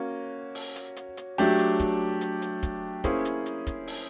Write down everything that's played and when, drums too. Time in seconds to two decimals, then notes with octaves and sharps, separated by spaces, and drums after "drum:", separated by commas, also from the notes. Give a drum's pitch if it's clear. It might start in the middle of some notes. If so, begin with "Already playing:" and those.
Already playing: A#3 C#4 F#4
0.55 drum: open hi-hat
0.76 drum: hi-hat
0.96 drum: hi-hat
1.17 drum: hi-hat
1.38 F#3 A3 D4 G4, drum: hi-hat
1.59 drum: hi-hat
1.80 drum: kick, hi-hat
2.21 drum: hi-hat
2.42 drum: hi-hat
2.63 drum: kick, hi-hat
3.04 A#3 C#4 E4 G#4 C5, drum: kick, hi-hat
3.25 drum: hi-hat
3.46 drum: hi-hat
3.67 drum: kick, hi-hat
3.87 drum: open hi-hat